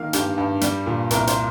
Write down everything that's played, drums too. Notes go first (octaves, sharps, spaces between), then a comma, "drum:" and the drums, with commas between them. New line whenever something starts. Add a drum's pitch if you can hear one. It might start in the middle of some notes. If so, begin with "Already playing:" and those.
Already playing: D#3 A#3 F5
G2 G4, drum: hi-hat
G2
G3, drum: hi-hat
A#2
C2 A#4, drum: hi-hat
C5, drum: hi-hat